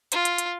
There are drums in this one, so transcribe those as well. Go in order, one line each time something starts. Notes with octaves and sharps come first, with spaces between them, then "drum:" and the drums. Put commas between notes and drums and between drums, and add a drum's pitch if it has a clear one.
F4, drum: hi-hat
drum: hi-hat
drum: hi-hat